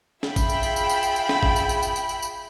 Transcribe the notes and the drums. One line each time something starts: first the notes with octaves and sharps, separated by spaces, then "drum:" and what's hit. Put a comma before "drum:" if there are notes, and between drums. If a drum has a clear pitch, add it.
F4 G#4 E5 G5 B5, drum: snare
drum: kick, tambourine
drum: tambourine
drum: tambourine
drum: tambourine
drum: tambourine
drum: tambourine
drum: tambourine
drum: snare
drum: kick
drum: tambourine
drum: tambourine
drum: tambourine
drum: tambourine
drum: tambourine
drum: tambourine